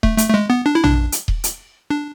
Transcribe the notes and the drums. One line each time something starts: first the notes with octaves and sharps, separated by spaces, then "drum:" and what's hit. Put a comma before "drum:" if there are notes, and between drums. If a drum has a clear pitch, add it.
A3, drum: kick D#1
A3, drum: hi-hat
A3
G#3
B3
D4
E4
D4, drum: tom
drum: hi-hat
drum: kick D#1
drum: hi-hat
D4